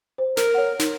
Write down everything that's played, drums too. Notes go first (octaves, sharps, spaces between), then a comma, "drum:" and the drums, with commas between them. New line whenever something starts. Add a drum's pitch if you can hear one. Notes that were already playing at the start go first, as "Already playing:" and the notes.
C5
A#4, drum: snare
C#5 F#5
D#4, drum: snare